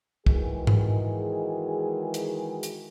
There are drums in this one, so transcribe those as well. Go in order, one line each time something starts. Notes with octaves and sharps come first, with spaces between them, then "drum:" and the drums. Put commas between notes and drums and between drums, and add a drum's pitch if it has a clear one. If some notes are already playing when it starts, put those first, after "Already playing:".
D#3 E3 G#3 F#4 G#4, drum: kick
drum: tom G#2
drum: hi-hat
drum: hi-hat